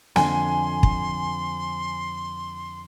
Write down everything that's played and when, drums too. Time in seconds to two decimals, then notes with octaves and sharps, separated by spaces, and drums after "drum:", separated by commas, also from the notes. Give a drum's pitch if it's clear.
0.16 F2 D3 G#5 C6, drum: snare
0.83 drum: kick